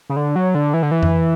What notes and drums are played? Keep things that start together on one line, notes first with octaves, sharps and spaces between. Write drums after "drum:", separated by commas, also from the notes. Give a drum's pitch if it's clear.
C#3
D3
F#3
D3
E3
D3
E3
drum: tom F2